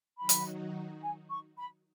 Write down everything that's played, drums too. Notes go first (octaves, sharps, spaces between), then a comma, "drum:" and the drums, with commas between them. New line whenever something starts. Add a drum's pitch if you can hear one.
D#3 F#3 D#4 F#4 B5
drum: hi-hat
G#5
C#6
B5